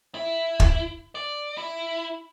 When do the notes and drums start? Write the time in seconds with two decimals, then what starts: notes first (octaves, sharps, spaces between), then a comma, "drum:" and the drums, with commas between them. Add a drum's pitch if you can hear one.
0.15 E4
0.60 drum: kick
1.15 D5
1.57 E4